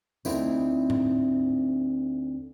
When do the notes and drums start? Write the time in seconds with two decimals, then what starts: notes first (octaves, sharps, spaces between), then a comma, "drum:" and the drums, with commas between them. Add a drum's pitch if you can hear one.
0.25 D2 B2 C4 D#4 E4 C5, drum: tambourine
0.90 drum: tom G#2